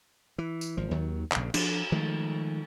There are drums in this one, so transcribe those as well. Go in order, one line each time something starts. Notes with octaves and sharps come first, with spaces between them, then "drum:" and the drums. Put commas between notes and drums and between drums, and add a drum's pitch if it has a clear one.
E3
drum: tambourine
G#1 F3
D#2 D#3 F#3
A#1 C#3, drum: clap
F3 D4, drum: cymbal
D#3 F3 G#3 A3